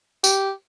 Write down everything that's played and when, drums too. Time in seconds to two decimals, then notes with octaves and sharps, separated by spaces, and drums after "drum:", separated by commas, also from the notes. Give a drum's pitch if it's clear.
0.24 G4, drum: tambourine